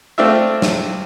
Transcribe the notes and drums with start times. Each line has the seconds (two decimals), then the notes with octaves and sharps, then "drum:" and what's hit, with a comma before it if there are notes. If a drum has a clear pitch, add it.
0.18 A3 C4 D4 F4 E5
0.62 drum: snare